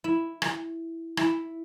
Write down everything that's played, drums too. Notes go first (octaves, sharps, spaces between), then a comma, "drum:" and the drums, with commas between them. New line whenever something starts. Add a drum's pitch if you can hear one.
E4
drum: rim click
E4, drum: rim click